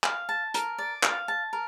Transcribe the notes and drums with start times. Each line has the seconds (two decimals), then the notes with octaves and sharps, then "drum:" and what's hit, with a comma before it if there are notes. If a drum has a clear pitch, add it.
0.04 F5, drum: clap
0.29 A5
0.54 A#4, drum: hi-hat
0.78 D5
1.03 F5, drum: clap
1.28 A5
1.53 A#4